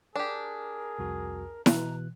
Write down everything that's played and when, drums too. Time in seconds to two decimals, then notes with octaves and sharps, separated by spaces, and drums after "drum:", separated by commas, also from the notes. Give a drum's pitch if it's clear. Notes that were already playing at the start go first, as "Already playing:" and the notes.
0.16 D4 G4 G#4 A#4
0.99 C2 F2 F#4
1.66 B2 E3 A#5 F#6, drum: snare E4